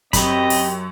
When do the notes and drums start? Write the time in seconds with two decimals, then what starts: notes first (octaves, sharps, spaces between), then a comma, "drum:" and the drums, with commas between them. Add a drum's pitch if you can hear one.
0.13 F#2 C4 G4 D#5 B5, drum: kick, hi-hat
0.50 drum: open hi-hat